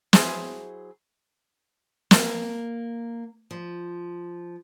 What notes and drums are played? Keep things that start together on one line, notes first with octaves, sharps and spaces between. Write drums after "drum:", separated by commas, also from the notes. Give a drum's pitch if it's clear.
F#3 E4 G#4 C5, drum: snare
A#3, drum: snare
F3